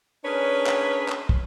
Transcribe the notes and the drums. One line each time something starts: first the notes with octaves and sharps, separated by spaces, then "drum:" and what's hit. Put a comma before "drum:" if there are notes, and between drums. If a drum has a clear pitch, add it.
C#4 D4 G#4 A#4 B4 C#5
drum: clap
drum: clap
drum: kick